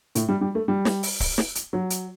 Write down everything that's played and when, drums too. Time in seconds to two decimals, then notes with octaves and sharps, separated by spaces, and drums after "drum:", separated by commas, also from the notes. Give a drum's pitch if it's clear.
0.15 A2, drum: hi-hat
0.29 G3
0.41 G3
0.55 A3
0.68 G3
0.85 drum: snare
1.03 drum: open hi-hat
1.20 drum: kick C#1, open hi-hat
1.38 drum: snare
1.55 drum: hi-hat
1.73 F#3
1.90 drum: hi-hat